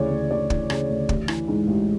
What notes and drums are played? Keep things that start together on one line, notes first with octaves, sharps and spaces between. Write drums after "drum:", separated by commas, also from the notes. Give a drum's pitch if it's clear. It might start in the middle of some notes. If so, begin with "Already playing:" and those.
Already playing: D2 C#3 E3 C#5 D5
D2
D2 D5
E3, drum: kick
C#3, drum: rim click
D2
A1, drum: kick
E3, drum: rim click
G#2
A1